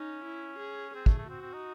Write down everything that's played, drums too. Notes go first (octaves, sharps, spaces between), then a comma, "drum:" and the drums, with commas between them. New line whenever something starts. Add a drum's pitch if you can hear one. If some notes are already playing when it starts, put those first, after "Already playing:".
Already playing: C#4 D#4
E4
G#4
C4 G#4
A3, drum: kick
A3
C4 F#4
C4
D#4